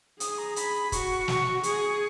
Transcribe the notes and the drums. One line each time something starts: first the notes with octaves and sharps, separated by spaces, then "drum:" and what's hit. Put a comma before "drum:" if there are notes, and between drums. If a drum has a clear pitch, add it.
G#4 D#6, drum: hi-hat
A#5
B5, drum: hi-hat
F#4 C#6, drum: kick, hi-hat
drum: snare
G#4 C#6, drum: hi-hat